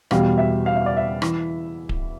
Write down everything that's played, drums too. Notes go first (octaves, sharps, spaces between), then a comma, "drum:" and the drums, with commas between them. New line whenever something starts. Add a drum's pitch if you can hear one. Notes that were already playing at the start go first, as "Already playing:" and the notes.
E2 B2 G3 F5, drum: rim click
E5
F5
E5
D5
E5
E3, drum: rim click
drum: kick D1